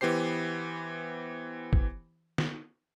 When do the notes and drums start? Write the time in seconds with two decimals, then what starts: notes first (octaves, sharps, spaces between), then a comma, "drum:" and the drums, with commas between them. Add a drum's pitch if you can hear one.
0.01 E3 B3 G4 C5 C7
1.73 drum: kick
2.38 drum: snare